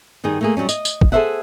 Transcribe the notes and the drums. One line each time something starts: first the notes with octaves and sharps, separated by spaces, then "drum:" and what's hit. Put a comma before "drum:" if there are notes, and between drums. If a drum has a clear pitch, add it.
G2 D#3 G3 G#4
A3 A#3 G#4
F2 F#3 G3 C#4
D#5, drum: tambourine
drum: tambourine
drum: kick
G#4 A4 B4 C5 E5 F#5